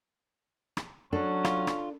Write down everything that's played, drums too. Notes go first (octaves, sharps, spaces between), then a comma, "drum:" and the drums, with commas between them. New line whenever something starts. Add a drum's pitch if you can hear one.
drum: rim click
F#3 C#4 D4 A4
F4, drum: rim click
drum: rim click